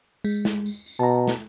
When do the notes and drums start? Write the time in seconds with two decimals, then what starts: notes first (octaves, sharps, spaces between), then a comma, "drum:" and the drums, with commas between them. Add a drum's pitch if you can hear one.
0.24 G#3, drum: tambourine
0.45 drum: snare
0.66 drum: tambourine
0.86 drum: tambourine
0.99 B2 A5 A#5
1.28 drum: snare